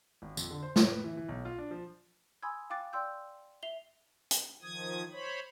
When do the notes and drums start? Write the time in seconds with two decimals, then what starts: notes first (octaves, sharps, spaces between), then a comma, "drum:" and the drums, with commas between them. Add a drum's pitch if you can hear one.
0.22 G#1
0.37 F2, drum: tambourine
0.51 D3
0.63 C5
0.76 C#5, drum: snare A3
0.91 B4
1.04 E3
1.17 E3
1.29 B1
1.45 F4
1.58 D4
1.71 F3
2.43 G#5 B5 C6 D#6 E6 G#6
2.70 F5 G5 D6 F#6 A6
2.93 D5 G5 C6 E6 G6
3.63 E5 C7 F7 G7
4.31 drum: hi-hat
4.62 D#3 F3 D#6 G#6
5.12 C5 C#5 B5